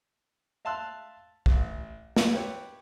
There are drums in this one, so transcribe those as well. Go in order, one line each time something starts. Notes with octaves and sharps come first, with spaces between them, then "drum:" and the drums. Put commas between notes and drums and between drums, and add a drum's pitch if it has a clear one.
E5 F5 A5 C6 E6 F#6
A1, drum: kick
B1 E6, drum: snare
G4 B4 C#5